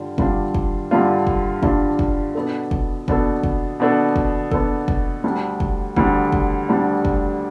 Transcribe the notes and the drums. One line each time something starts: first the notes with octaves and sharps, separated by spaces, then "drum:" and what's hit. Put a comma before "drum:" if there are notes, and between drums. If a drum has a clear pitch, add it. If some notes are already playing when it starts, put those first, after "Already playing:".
Already playing: G2 D3 G3 D4 F4
G2 D3 G3 D4 F4, drum: kick
drum: kick
G2 D3 G3 D4 F4
drum: kick
G2 D3 G3 D4 F4, drum: kick
drum: kick
B2 B3 D4 A4
drum: kick
B2 B3 D4 A4, drum: kick
drum: kick
B2 B3 D4 A4
drum: kick
B2 B3 D4 A4, drum: kick
drum: kick
D2 D3 G3 D4
drum: kick
D2 D3 G3 D4, drum: kick
drum: kick
D2 D3 G3 D4
drum: kick